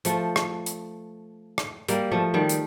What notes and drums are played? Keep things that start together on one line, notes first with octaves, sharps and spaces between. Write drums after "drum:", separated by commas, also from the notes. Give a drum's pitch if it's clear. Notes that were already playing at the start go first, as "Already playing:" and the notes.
F3 A3, drum: hi-hat
drum: rim click
drum: hi-hat
drum: rim click
G3 A#3, drum: hi-hat
F3 A3
D#3 G3
drum: hi-hat